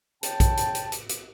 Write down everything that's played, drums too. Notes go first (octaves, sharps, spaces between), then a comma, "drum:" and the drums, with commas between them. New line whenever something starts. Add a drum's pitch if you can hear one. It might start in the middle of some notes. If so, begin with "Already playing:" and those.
C#3 G5 A5, drum: hi-hat
drum: kick A#1, hi-hat
drum: hi-hat
drum: hi-hat
drum: hi-hat
drum: hi-hat